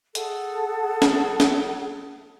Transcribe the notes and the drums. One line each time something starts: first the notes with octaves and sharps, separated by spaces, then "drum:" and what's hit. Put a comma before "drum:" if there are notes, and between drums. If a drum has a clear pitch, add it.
G#4 A4 F#5, drum: hi-hat
drum: snare
drum: snare